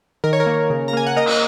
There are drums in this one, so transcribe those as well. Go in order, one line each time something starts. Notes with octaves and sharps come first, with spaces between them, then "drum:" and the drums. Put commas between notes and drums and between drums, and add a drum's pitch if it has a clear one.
D#3 A#4
C#5
A#4
A#3
C#3
A#5
A#3 G#5
F#5
A#3 A#4 D#5
drum: cymbal